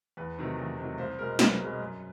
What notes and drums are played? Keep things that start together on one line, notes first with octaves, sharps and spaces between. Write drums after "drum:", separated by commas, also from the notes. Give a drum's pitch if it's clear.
E2 B4
C3 D#3 F#3 A3
E2
C3 D#3 F#3 A3
C2 C5
B2 G#3 A#4
C2 B4, drum: snare
B2 G#3
F#2